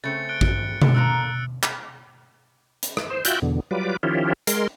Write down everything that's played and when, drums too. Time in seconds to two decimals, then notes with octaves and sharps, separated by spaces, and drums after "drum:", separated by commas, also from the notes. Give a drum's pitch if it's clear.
0.04 C#3 A3 C4 A6 C#7
0.29 F#6 D7 G7
0.41 drum: kick
0.82 drum: tom B2
0.95 D3 A#3 A#5 E6 F#6 C#7
1.63 drum: clap
2.83 drum: hi-hat
2.97 drum: rim click
3.10 C5
3.25 F4 F#4 E5 G5 F#6 G6, drum: hi-hat
3.42 E2 B2 D3
3.71 F#3 G3 F4 B4 D6
4.03 D#3 F3 C#4 E4 F4 G4
4.47 G#3 A#4 C6, drum: hi-hat